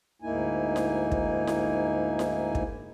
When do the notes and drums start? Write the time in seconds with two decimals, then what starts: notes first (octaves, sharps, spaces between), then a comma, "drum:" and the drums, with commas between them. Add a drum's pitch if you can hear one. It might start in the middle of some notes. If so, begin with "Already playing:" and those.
0.22 D2 G#2 A#3 D#4 E4 G#5
0.76 drum: snare E4
1.12 drum: kick
1.47 drum: snare E4
2.19 drum: snare E4
2.55 drum: kick